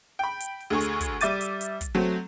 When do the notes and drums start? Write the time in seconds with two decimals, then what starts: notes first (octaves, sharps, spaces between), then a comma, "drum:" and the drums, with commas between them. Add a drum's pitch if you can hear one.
0.19 G5 B5
0.40 drum: hi-hat
0.60 drum: open hi-hat
0.70 D2 D3 G#4 C#6
0.80 drum: hi-hat
1.01 drum: kick, hi-hat
1.21 G3 E5 D6 A6 D#7, drum: hi-hat
1.41 drum: hi-hat
1.61 drum: hi-hat
1.81 drum: kick, hi-hat
1.95 F#3 A3 C4